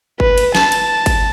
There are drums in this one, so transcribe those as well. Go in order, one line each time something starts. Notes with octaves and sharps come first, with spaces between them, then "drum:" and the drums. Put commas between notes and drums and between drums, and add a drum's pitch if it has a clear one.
B4, drum: kick G1
drum: cymbal
A5, drum: snare
drum: cymbal
drum: kick G1, cymbal